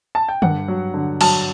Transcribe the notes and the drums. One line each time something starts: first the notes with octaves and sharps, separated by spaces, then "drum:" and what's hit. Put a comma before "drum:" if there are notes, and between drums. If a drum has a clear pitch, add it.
A5
G5
G2 F#5, drum: tom D3
F#3
D3
F#3 A5, drum: cymbal